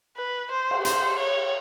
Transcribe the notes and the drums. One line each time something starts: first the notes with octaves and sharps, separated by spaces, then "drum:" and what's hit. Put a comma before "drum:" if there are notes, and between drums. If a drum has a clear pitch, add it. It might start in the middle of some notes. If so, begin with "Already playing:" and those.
B4
C5
drum: cymbal
C5, drum: hi-hat
C#5